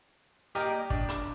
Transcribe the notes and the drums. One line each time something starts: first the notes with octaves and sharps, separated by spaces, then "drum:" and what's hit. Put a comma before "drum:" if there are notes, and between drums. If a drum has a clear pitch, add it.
A#3 D#4 G4 A#4 D5
D4, drum: kick
drum: hi-hat